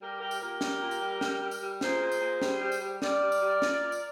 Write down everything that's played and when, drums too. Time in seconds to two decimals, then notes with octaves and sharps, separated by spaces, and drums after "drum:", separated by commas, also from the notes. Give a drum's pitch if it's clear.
0.01 G3 G4 A#4
0.20 G3 G4 A#4
0.31 drum: tambourine
0.41 A#2 G4 A#4
0.61 G3, drum: snare
0.82 A#2
0.91 drum: tambourine
1.01 G3
1.21 G3, drum: snare
1.42 G3
1.51 drum: tambourine
1.61 G3
1.81 A#2 G#4 C5, drum: snare
2.02 A#2
2.12 drum: tambourine
2.21 A#2
2.42 G3, drum: snare
2.62 G3
2.72 drum: tambourine
2.81 G3
3.02 G3 A#4 D5, drum: snare
3.22 G3
3.32 drum: tambourine
3.42 G3
3.62 A#2, drum: snare
3.82 A#2
3.92 drum: tambourine